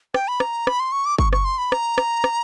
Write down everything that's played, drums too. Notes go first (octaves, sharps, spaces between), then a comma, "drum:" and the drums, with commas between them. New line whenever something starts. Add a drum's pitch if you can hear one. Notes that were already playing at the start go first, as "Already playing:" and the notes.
G5, drum: rim click
B5
A#5, drum: rim click
B5, drum: rim click
C6
C#6
D6
C#6, drum: kick G1
C#6, drum: rim click
C6
B5
A#5, drum: rim click
drum: rim click
drum: rim click